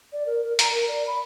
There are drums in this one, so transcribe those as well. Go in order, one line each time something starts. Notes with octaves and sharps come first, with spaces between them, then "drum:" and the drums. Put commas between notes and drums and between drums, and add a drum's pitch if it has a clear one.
D5
A#4
A#4
A#5, drum: hi-hat
A#4
D5
B5